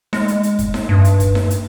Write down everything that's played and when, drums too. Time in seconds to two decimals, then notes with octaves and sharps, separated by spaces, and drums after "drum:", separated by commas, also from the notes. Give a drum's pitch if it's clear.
0.13 G#3, drum: snare D#4
0.28 drum: hi-hat
0.43 drum: hi-hat
0.59 drum: kick, hi-hat
0.74 drum: snare D#4
0.89 G2
1.05 drum: hi-hat
1.20 drum: kick, hi-hat
1.35 drum: snare D#4
1.50 drum: hi-hat